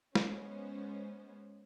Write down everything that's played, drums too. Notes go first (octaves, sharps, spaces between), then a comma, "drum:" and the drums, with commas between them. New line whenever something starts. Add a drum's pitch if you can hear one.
G#3 B3 C#4 C5, drum: snare